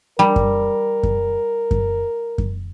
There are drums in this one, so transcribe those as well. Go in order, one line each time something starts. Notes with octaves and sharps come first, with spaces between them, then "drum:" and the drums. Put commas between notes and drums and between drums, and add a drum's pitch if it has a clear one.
G3 A#4
drum: kick F#2
drum: kick F#2
drum: kick F#2
drum: kick F#2